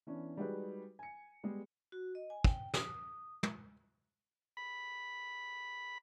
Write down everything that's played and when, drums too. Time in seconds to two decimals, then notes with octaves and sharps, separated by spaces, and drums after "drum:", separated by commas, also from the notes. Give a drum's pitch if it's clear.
0.07 E3 B3 C#4 D4
0.37 G3 G#3 D#4 F#4 G#4 B4
0.99 G#5 C#7
1.43 G3 G#3 B3 G#4
1.92 F#4
2.15 D#5
2.30 G#5
2.44 G5, drum: kick
2.74 D#6, drum: snare
3.43 drum: tom
4.57 B5